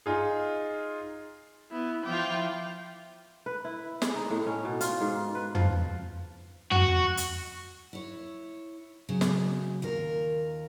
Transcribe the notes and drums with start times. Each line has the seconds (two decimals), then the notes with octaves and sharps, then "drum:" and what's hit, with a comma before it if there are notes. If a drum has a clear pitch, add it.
0.06 D#4 F4 G#4
1.71 B3 E4
2.05 F3 E4 F4 G5 D6
3.46 B4
3.65 E4
4.02 G#3, drum: snare
4.16 D#4
4.30 A2
4.46 C#4
4.65 B2
4.81 F4, drum: hi-hat
5.01 G#2
5.35 B4
5.55 F3, drum: tom
6.71 F#4, drum: tom
7.17 drum: hi-hat
7.93 E4 C#5
9.09 C#3 F#3
9.21 drum: snare
9.82 D#2 F4 A#4